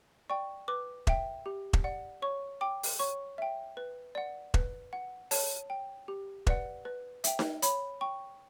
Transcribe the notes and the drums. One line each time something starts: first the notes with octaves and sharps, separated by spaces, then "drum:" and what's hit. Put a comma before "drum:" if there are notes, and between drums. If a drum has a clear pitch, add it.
D5 G5 C#6
B4 D6
E5 G5, drum: kick E1
G4
drum: kick E1
D5 F#5
C#5 C#6
G5 D6
drum: open hi-hat
C#5 C#6
E5 G5
B4
D5 F#5
B4, drum: kick E1
F#5
C#5 A5, drum: open hi-hat
G5
G4
B4 D5 F#5, drum: kick E1
B4
E5 G5, drum: hi-hat
drum: snare D#4
C#5 B5, drum: hi-hat
G5 C#6